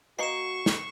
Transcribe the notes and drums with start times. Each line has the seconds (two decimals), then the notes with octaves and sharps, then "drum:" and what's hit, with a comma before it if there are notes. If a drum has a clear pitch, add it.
0.19 A#3 F#4 D#5 C#6 C7 E7
0.66 drum: snare